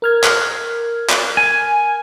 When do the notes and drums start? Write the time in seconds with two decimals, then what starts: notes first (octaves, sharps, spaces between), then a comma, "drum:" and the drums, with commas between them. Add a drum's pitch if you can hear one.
0.02 A#4 F6 G#6
0.24 drum: clap
1.09 drum: clap
1.37 G#5